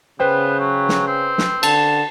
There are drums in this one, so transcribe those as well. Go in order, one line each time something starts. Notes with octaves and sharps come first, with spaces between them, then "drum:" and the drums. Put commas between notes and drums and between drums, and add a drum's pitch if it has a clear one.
C#3 B3 B4 C5 G5
F#3
drum: snare
C4
drum: snare
D3 A5, drum: cymbal